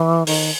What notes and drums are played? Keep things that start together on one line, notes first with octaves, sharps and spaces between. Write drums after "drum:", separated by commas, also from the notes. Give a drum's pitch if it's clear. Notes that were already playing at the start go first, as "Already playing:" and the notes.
Already playing: E3
D#3, drum: open hi-hat